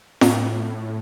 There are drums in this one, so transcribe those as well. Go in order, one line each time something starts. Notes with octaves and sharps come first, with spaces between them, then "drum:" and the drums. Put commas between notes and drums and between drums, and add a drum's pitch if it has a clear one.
A2, drum: snare